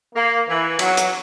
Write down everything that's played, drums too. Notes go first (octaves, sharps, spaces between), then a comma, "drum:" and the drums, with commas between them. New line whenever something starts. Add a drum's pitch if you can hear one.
A#3
E3
F#3, drum: cymbal
drum: hi-hat